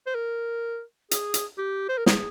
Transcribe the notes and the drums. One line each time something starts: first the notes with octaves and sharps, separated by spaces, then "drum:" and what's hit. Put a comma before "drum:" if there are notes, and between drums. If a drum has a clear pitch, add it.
C5
A#4
G#4, drum: hi-hat
drum: hi-hat
G4
C5
A#4
G#4, drum: snare